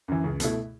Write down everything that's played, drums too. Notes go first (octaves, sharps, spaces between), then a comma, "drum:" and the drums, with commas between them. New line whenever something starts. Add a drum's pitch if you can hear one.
F#2 E3
C#2
B2 A3 E4, drum: hi-hat